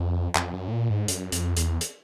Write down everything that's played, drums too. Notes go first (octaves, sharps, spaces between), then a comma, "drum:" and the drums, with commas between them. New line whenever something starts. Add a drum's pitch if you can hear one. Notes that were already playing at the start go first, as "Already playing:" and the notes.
Already playing: F2
F2, drum: clap
F#2
A2
A#2
G#2
F#2, drum: hi-hat
F2, drum: hi-hat
E2, drum: hi-hat
drum: hi-hat